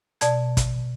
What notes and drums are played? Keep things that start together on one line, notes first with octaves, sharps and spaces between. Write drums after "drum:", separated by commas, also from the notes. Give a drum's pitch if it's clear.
B2 D5 A5 G#6, drum: hi-hat
drum: kick, hi-hat